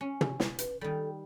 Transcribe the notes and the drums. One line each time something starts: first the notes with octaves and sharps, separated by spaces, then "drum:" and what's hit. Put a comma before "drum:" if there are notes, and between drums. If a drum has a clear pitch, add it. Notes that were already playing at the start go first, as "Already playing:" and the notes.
C#4
drum: tom
drum: snare
B4, drum: hi-hat
D#3 G3 A4